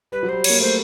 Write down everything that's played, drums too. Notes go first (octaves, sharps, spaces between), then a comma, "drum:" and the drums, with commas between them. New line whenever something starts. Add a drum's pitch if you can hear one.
G3 B4
F#3
G3 C5
C#5, drum: cymbal
A#3
A3 C5